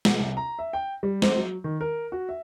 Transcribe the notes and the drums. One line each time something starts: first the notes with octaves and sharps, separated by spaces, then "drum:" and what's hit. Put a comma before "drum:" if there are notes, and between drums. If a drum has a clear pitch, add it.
B2, drum: snare
C2
A#5
E5
G5
G3
C4, drum: snare
F#3
D#3
A#4
F#4
E5